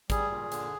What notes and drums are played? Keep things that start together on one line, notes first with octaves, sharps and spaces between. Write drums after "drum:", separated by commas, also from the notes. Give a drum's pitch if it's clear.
G3 G#4, drum: kick, hi-hat
A#2
D3, drum: hi-hat